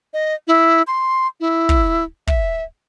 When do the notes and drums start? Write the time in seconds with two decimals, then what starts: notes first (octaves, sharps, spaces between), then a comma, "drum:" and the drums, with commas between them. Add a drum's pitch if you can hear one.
0.14 D#5
0.48 E4
0.87 C6
1.40 E4
1.69 drum: kick
2.27 E5, drum: kick